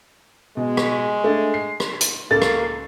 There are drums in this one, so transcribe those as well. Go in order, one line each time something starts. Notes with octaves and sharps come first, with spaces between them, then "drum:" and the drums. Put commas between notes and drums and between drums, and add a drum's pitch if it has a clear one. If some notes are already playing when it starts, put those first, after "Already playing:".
B2 G#3
drum: rim click
A3 D4
C7
drum: rim click
drum: hi-hat
C#2 A#3 A4 A6
drum: rim click